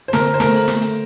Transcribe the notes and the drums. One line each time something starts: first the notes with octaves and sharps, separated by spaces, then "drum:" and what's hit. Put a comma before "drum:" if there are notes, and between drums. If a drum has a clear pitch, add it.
C5
D3 A#4, drum: snare
C5
A3 A#4, drum: snare
drum: open hi-hat
A3, drum: snare
drum: hi-hat